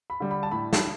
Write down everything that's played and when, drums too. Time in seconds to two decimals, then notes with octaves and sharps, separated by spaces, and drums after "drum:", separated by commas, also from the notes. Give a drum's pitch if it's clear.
0.10 B5
0.20 D3 G3
0.31 B5
0.43 A5
0.52 A2 B5
0.73 A5, drum: snare